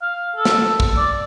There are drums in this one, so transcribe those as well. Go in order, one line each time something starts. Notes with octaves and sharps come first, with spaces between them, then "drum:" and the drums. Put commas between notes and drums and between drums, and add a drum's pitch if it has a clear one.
F5
A4
drum: snare
drum: kick
D5